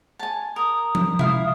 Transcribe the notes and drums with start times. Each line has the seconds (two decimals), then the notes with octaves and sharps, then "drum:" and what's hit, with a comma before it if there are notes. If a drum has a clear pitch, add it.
0.19 G#5 A5
0.56 A#4 D#6
0.95 drum: tom F3
1.19 E4 F5, drum: tom C3